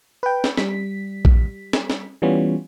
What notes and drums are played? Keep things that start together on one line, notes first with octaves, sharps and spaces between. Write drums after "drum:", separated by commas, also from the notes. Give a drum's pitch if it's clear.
B4 G5
drum: snare
G3 B6, drum: snare
drum: kick A#1
drum: snare
drum: snare
E3 G3 B3 C#4 F4